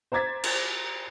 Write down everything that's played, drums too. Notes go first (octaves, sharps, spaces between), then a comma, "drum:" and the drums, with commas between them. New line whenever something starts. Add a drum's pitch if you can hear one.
C5 A#5 D6 G#6 A6 B6
drum: cymbal